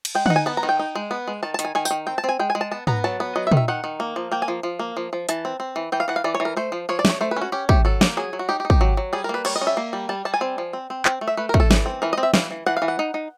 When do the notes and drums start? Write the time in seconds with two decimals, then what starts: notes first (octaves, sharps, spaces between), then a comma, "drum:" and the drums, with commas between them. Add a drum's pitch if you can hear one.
0.05 drum: cymbal
0.15 G#3 G5
0.26 F#5, drum: tom
0.30 D#4
0.36 G#5
0.46 B3 A5
0.57 A#5
0.63 D#3
0.69 G5
0.79 D#4
0.95 G#3
1.11 B3
1.27 G#3
1.43 D#3 A5
1.54 A5
1.59 D#3, drum: hi-hat
1.65 G#5
1.75 D#3 G#5
1.85 G5, drum: tambourine
1.91 D#3
2.07 C4 G5
2.18 A5
2.24 C4 G#5
2.39 G#3 G5
2.50 G#5
2.55 G#3
2.61 A5
2.71 B3 A5
2.87 B3 A#5, drum: tom G#2
3.04 F#3 A5
3.20 B3
3.36 F#3 D#5
3.47 E5
3.51 D#3, drum: tom
3.57 E5
3.68 D#3 F#5
3.84 D#3
4.00 A#3
4.16 F3
4.31 A#3 G5
4.42 G#5
4.48 F3
4.63 F3
4.79 A#3
4.97 F3
5.13 F3
5.29 E3 A5, drum: hi-hat
5.45 C4
5.60 C4
5.76 E3
5.92 E3 G5
6.00 F5
6.08 E3 F#5
6.16 F5
6.24 E3 D5
6.34 C#5
6.40 E3
6.45 A#4
6.56 A3 C5
6.72 F3
6.89 F3 C#5
6.99 D5
7.05 A3 C#5, drum: snare
7.21 A3 C5
7.31 B4
7.36 C#4
7.41 F#4
7.52 C#4 G4
7.69 A3 G4, drum: kick
7.85 F#3 A4
8.01 A#3, drum: snare
8.17 F#3 G#4
8.33 F#3
8.39 F#4
8.49 D#4 G4
8.60 G4
8.65 D#4
8.70 G4, drum: kick
8.81 F#3
8.97 F#3
9.13 G3 G#4
9.24 A#4
9.29 A#3 B4
9.45 G3 C#5, drum: cymbal
9.56 D#5
9.61 C#4
9.67 E5
9.77 A#3
9.93 G3
10.09 G3 A5
10.25 G3 A5
10.34 G#5
10.41 C4
10.58 F3
10.73 C4
10.90 C4
11.05 C4 G5, drum: clap
11.21 A3
11.27 E5
11.37 A3 B4
11.49 A#4
11.54 A3, drum: kick
11.60 A4
11.71 E3, drum: snare
11.86 C4
12.02 E3 A#4
12.13 D#5
12.18 C4
12.23 E5
12.34 E3 F5, drum: snare
12.51 E3
12.66 E3 F#5
12.77 F5
12.82 E3
12.88 F#5
12.99 D#4
13.14 D#4